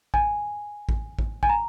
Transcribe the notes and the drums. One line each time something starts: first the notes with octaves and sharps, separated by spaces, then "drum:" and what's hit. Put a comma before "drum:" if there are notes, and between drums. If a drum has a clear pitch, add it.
G#5, drum: kick A1
drum: kick A1
drum: kick A1
G#5, drum: kick A1
A#5